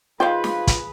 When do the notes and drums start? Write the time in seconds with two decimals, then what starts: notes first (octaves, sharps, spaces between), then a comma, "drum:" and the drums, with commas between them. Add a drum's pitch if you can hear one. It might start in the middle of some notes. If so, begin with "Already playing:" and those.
0.20 D#3 F4 G#4 B4 C5 F5 G5
0.44 drum: snare
0.67 drum: kick, hi-hat